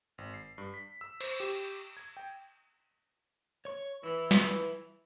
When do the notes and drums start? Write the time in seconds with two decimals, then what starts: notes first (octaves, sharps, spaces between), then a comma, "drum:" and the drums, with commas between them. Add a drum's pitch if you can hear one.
0.18 G#1
0.34 C7
0.58 G2
0.74 B6
1.01 E6
1.21 C5, drum: cymbal
1.40 G4
1.97 G#6
2.17 G5
3.65 C#5 C#6
4.03 E3 E4
4.31 drum: snare